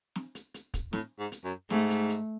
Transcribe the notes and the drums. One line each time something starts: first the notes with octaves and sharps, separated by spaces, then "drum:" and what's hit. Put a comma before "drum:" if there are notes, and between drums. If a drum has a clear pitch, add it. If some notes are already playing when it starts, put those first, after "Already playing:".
drum: snare
drum: hi-hat
drum: hi-hat
drum: kick, hi-hat
A2, drum: snare
G#2
drum: hi-hat
F#2
G#2 A3, drum: snare
drum: hi-hat
drum: hi-hat